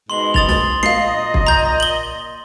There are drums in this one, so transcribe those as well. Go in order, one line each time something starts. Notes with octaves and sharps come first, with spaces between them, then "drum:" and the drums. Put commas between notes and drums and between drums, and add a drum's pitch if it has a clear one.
G#2 B2 G#3 C6 F#7 G7
D#6 A6 F7, drum: kick
drum: snare
A#2 D#5 F5 C7, drum: snare
drum: kick
A#5 G6
F#7 G7